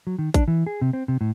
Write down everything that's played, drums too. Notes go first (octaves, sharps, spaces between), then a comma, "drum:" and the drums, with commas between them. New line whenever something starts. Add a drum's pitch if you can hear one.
F#3
D#3
D4, drum: kick, hi-hat
E3
G#4
C3
C4
C3
A2